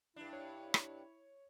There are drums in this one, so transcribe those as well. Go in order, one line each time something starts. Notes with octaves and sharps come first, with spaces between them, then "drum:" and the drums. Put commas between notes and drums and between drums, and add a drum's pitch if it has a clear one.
G2 D4 E4
C#5
drum: rim click